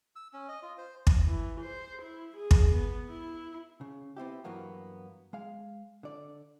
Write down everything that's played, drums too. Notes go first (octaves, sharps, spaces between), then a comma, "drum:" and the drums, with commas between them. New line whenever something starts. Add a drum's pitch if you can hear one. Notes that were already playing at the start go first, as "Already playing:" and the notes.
E6
C#4
D#5
F4
C5
drum: kick
E3
C5
E4
G#4
drum: kick
B3
E4
C#3
B3 C4 E4 G4
G2 E3 F#3 A#3 B3
G#3 F5
D3 D5